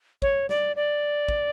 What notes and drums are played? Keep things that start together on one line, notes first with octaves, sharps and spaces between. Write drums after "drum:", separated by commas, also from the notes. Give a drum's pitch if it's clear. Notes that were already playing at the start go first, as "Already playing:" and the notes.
C#5, drum: kick
D5, drum: snare
D5
drum: kick